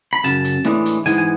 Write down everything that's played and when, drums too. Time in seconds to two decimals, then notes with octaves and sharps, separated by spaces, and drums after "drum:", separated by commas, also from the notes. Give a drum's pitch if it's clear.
0.13 B5
0.24 F#2 C#3 A5, drum: hi-hat
0.44 drum: hi-hat
0.65 A2 E3 G#3 D4, drum: snare
0.85 drum: hi-hat
1.06 G#2 E3 G#3 B3 G#5, drum: hi-hat
1.18 G#5